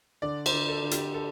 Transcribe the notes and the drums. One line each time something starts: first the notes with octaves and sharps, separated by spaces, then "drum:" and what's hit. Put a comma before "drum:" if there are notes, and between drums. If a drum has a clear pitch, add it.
D3 D5
C5, drum: cymbal
D3
A4
D3
G4, drum: hi-hat
A4